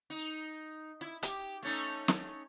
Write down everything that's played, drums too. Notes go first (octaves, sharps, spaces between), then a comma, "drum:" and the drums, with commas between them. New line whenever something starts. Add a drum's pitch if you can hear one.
D#4
E4
G4, drum: hi-hat
A3 C#4 D#4
drum: snare